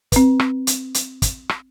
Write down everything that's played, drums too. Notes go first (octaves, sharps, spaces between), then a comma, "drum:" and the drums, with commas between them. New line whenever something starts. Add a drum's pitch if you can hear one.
C4 B4, drum: kick, hi-hat
drum: rim click
drum: hi-hat
drum: hi-hat
drum: kick, hi-hat
drum: rim click